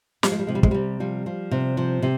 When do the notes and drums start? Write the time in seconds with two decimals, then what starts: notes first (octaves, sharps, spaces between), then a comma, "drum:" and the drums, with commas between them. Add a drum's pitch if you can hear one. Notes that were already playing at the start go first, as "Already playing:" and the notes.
0.23 F3 G3, drum: snare
0.32 G#3
0.39 G3
0.47 C3 G#3
0.55 G3
0.63 G#3, drum: kick
0.71 C3 G3
1.00 F3 G3
1.26 F3
1.51 C3
1.77 F3
2.02 C3